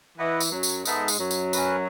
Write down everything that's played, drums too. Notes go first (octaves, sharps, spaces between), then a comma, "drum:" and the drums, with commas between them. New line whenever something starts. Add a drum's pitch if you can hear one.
E3 E4 B4 D#5 F#5
drum: tambourine
F#2 F#3
drum: tambourine
G#2 G#3 B3 D#4 A4 E5, drum: tambourine
drum: tambourine
F#2 F#3
drum: tambourine
C#4 F#4 B4, drum: tambourine